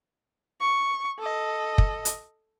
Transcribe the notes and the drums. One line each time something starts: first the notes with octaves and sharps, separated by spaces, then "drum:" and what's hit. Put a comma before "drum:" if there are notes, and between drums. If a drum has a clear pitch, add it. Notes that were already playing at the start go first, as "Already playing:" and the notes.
C#6
A4 D#5
drum: kick
drum: hi-hat